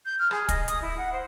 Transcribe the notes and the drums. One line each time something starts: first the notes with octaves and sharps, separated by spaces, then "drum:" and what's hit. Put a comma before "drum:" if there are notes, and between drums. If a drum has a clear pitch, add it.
G6
F6
G#4, drum: rim click
D#5, drum: kick, hi-hat
D#6, drum: hi-hat
E4
F#5
C5